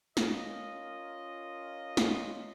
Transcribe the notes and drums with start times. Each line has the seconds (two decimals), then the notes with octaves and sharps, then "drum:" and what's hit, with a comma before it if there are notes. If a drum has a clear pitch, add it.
0.17 C#4 F4 A#4 D#5, drum: snare
1.97 drum: snare